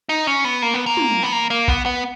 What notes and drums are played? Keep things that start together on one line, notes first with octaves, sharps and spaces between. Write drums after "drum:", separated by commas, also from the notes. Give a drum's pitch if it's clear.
D#4
C#4
B3
A#3
B3
A#3
drum: tom
B3
A#3
A#3
B3, drum: kick A#1
B3